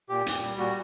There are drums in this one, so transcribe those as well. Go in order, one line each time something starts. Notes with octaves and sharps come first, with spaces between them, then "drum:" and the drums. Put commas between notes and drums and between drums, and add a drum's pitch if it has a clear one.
A#2 G4
A#2, drum: hi-hat
G3
A#2 F#4